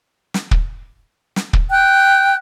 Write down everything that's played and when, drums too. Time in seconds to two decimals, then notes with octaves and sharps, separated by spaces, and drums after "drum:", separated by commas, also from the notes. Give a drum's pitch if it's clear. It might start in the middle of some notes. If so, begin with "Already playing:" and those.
0.34 drum: snare
0.51 drum: kick
1.36 drum: snare
1.53 drum: kick
1.70 G5 F#6